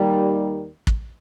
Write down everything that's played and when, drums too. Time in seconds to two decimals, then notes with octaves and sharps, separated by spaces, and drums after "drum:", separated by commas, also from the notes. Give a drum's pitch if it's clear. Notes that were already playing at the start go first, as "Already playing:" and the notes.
Already playing: D#2 D#3 G3
0.87 drum: kick